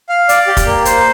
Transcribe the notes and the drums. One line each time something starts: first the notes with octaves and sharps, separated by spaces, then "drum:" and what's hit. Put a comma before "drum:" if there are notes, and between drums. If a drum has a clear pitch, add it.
F5
D5, drum: hi-hat
G4
drum: kick, hi-hat
A#3
C5, drum: hi-hat